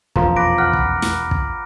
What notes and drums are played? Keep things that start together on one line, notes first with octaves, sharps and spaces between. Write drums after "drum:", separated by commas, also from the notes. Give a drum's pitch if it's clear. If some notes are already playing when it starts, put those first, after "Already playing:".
E1 A#1 F2 F3 A#5, drum: kick
B4 D6 A#6 D7
F#5 F6
drum: kick
drum: snare
drum: kick